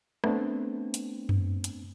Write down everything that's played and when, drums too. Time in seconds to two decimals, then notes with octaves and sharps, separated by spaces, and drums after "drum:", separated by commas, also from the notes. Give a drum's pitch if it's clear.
0.24 A3 B3 C4 D4, drum: rim click
0.94 drum: hi-hat
1.29 drum: tom F#2
1.64 drum: hi-hat